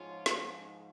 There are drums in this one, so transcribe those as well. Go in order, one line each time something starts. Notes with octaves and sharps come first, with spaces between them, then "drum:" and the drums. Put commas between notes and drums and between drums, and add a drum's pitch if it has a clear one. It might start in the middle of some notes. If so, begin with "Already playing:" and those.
Already playing: G#2 F3 C#4 F4
drum: snare